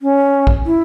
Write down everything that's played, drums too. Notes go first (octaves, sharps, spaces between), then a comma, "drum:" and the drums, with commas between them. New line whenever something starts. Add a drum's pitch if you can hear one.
C#4
drum: kick A#1
E4